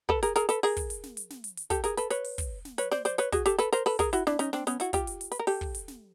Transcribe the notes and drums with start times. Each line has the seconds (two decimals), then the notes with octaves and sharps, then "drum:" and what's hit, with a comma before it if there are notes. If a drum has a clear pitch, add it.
0.09 A4 B4, drum: kick
0.23 G#4 A#4, drum: hi-hat
0.36 G#4 A#4, drum: hi-hat
0.49 A4 B4, drum: hi-hat
0.63 G#4 A#4, drum: open hi-hat
0.77 drum: kick, hi-hat
0.90 drum: hi-hat
1.03 drum: snare
1.17 drum: hi-hat
1.30 drum: snare
1.44 drum: hi-hat
1.57 drum: hi-hat
1.70 G4 A4, drum: kick, hi-hat
1.84 G#4 A#4, drum: hi-hat
1.97 A4 B4, drum: hi-hat
2.10 B4 C#5, drum: hi-hat
2.25 drum: open hi-hat
2.38 drum: kick, hi-hat
2.65 drum: snare
2.78 B4 C#5, drum: hi-hat
2.91 C5 D5, drum: snare
3.05 C5 D5, drum: hi-hat
3.18 B4 C#5, drum: hi-hat
3.32 F#4 G#4, drum: kick, hi-hat
3.46 G4 A4, drum: hi-hat
3.59 A4 B4, drum: hi-hat
3.72 A#4 C5, drum: hi-hat
3.86 A4 B4, drum: open hi-hat
3.99 G#4 A#4, drum: kick, hi-hat
4.13 E4 F#4, drum: hi-hat
4.27 D4 E4, drum: snare
4.39 C#4 D#4, drum: hi-hat
4.53 C4 D4, drum: snare
4.67 B3 C#4, drum: hi-hat
4.80 E4 F#4, drum: hi-hat
4.93 F4 G4, drum: kick, hi-hat
5.07 drum: hi-hat
5.21 drum: hi-hat
5.32 B4, drum: hi-hat
5.39 A#4
5.47 G4 A4, drum: open hi-hat
5.61 drum: kick
5.75 drum: hi-hat
5.88 drum: snare